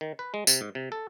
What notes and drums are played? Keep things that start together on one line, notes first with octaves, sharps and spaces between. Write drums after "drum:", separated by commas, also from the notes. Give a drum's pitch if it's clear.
D#3
B4
G#3
C3, drum: tambourine
G#2
C3
A4